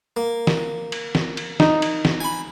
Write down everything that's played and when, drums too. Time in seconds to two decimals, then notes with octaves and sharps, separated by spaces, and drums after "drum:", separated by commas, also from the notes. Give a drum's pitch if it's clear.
0.17 A#3
0.47 drum: snare
0.92 drum: cymbal
1.15 drum: snare
1.37 drum: cymbal
1.60 D#4, drum: snare
1.82 drum: cymbal
2.05 drum: snare
2.20 G#5 B5